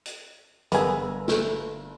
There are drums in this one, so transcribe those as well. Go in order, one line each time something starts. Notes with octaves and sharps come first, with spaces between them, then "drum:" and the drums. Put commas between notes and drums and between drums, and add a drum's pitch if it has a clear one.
drum: hi-hat
G1 B3 G#4 A#4 E6, drum: hi-hat
drum: snare A4